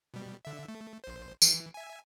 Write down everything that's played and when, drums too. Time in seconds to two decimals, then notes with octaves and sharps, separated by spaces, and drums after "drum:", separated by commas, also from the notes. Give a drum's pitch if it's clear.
0.14 B2 G3
0.45 D3 E5
0.68 A3
1.04 A#1 C5
1.42 E3, drum: tambourine
1.74 E5 G#5